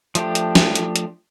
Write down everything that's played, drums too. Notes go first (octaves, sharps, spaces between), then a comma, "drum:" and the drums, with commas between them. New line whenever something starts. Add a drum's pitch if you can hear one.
F3 A3 D4 G4, drum: hi-hat
drum: hi-hat
drum: snare
drum: hi-hat
drum: hi-hat